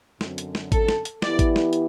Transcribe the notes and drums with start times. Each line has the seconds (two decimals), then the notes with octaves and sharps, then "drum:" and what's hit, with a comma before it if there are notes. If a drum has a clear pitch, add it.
0.21 F#2 D3 F#3 C4, drum: snare
0.38 drum: hi-hat
0.55 drum: snare
0.72 A4, drum: kick G#1, hi-hat
0.89 drum: snare
1.05 drum: hi-hat
1.22 E3 B3 E4 G4 D5, drum: snare
1.39 drum: kick G#1, hi-hat
1.56 drum: snare
1.73 drum: hi-hat